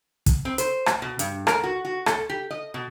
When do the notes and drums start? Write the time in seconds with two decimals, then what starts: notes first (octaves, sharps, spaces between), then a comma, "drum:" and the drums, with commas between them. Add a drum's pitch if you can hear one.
0.26 drum: kick, hi-hat
0.45 C4
0.58 C5, drum: hi-hat
0.86 drum: rim click
1.02 B2
1.19 G2, drum: hi-hat
1.47 A#4, drum: rim click
1.64 F#4
1.85 F#4
2.06 A4, drum: rim click
2.30 G4
2.51 D#5
2.74 B2